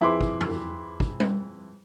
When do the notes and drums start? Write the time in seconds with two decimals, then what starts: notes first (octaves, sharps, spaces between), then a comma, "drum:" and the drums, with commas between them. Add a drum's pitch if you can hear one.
0.01 F2 E4 G#4 B4 C6 D6
0.21 drum: kick
0.41 drum: tom
1.00 drum: kick
1.20 drum: tom G3